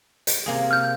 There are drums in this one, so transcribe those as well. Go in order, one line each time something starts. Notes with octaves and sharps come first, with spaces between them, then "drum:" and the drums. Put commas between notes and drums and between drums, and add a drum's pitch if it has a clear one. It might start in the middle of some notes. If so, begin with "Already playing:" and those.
drum: hi-hat
C3 A#3 G#4
F6 G6